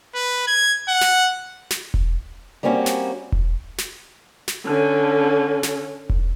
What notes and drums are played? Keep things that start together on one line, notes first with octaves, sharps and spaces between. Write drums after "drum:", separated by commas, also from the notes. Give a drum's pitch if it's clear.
B4
G#6
F#5
drum: snare
drum: snare
drum: kick E1
G3 A#3 C4 C#4 F4 F#4
drum: snare
drum: kick E1
drum: snare
drum: snare
D3 C#4
drum: snare
drum: kick E1